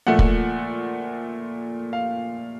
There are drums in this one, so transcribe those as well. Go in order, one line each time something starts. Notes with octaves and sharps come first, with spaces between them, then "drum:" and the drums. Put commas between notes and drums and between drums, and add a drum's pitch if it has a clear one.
A#2 F3 A3 F#5
drum: kick
F5